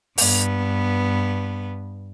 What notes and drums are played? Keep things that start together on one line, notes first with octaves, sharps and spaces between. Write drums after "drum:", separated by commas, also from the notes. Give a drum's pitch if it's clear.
G2 B3, drum: open hi-hat